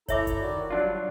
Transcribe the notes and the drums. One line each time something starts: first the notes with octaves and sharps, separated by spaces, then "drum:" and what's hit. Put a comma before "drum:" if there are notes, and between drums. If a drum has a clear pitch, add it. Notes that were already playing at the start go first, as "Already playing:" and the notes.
E4 A4 C#5 E5 A#5 D6, drum: kick, hi-hat
drum: kick, hi-hat
D#3 F#4 D5
F#3 G3 D4 F4